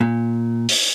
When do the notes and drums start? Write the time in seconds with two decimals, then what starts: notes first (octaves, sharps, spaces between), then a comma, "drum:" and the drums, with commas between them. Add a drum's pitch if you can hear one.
0.01 A#2
0.69 drum: open hi-hat